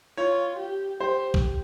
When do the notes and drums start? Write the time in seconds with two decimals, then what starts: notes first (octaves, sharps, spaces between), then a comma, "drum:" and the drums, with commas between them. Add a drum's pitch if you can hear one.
0.17 F4 C#5
0.59 G4
1.00 G4 C5
1.34 drum: kick A#1